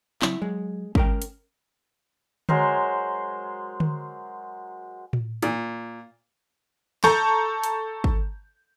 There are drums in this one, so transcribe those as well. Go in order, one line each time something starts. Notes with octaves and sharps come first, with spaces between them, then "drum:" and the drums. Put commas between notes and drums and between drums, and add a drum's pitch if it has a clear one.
C#3 F#3 C4 E4, drum: clap
F#3 G#3
G#3 C#4 A#4 G5, drum: kick
drum: hi-hat
F#3 G#3 A#4 C5, drum: tom D3
drum: tom D3
drum: tom A2
A#2, drum: hi-hat
A4 A5 A#5 C#6 G6, drum: snare
drum: hi-hat
drum: kick